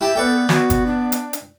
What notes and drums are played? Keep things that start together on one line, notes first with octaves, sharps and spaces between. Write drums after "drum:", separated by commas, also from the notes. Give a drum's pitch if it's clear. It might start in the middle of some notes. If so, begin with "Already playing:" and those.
E4 G4 G5 A5
B3 A4 B4 D5 G5
B3 F#4, drum: snare
drum: kick G1, hi-hat
D4
drum: hi-hat
drum: hi-hat